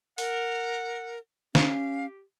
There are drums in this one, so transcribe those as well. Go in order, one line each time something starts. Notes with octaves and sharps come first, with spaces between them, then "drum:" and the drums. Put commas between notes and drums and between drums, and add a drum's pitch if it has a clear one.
A#4 F#5, drum: open hi-hat
C#4 G4 F5, drum: snare